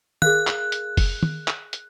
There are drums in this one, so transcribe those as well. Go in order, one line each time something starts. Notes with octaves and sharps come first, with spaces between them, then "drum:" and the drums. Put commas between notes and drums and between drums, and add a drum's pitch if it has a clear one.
G#4 A#4 F5 F#6, drum: tom
drum: clap
drum: hi-hat
drum: kick F#1, open hi-hat
drum: tom
drum: clap
drum: hi-hat